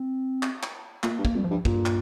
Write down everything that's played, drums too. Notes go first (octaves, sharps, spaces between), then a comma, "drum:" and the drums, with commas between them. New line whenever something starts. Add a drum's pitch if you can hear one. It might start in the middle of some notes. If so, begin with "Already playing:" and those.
Already playing: C4
drum: clap
drum: clap
A#2 A#3, drum: clap
G2
A#3, drum: kick
F2
G3
F3
G2
G2 A#2, drum: kick
drum: clap